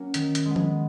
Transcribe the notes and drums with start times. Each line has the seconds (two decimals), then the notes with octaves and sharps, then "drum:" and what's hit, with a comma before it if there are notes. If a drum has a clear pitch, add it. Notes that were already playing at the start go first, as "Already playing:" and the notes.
Already playing: F#3 A#3 C#4
0.14 D#3, drum: hi-hat
0.35 drum: hi-hat
0.45 G#3 B3
0.56 drum: tom F3